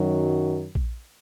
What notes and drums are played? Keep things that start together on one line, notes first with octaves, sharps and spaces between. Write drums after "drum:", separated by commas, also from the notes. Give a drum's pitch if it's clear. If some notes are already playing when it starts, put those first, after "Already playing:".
Already playing: F#2 D#3 F#3
drum: kick A#1